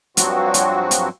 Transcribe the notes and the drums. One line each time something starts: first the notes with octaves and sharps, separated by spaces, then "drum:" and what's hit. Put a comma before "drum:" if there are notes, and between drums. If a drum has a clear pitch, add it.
G2 F3 F#3 C4 F#4, drum: hi-hat
drum: hi-hat
drum: hi-hat